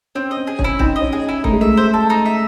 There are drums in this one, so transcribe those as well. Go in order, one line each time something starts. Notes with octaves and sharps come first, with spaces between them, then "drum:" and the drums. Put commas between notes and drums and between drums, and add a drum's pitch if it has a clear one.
C4 C#4
D#5
C4
G#4
C#4, drum: kick
E4
C4 D#4, drum: kick
D#5
C#4
G#4
E4
A3 D#4, drum: kick
G#3
A3 E5
C5
A4
D#4
E5